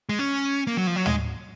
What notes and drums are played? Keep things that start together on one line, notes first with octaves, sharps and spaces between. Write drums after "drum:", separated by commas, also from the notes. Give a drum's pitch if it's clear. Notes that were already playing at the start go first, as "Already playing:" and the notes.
G#3
C#4
A#3
F#3
F3
F#3
G#3, drum: tom